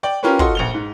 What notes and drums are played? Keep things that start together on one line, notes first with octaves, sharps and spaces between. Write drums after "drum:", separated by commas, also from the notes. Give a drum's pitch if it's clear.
D5 G5
C#4 F4 G4 A#4 B4 C#5
F4 F#4 A4 D#5 C6, drum: kick
A#1 F7 G7
G#2